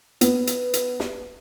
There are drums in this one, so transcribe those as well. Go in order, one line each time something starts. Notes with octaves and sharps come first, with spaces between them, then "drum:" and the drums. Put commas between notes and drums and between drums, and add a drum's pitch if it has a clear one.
B3, drum: hi-hat
drum: hi-hat
drum: hi-hat
drum: snare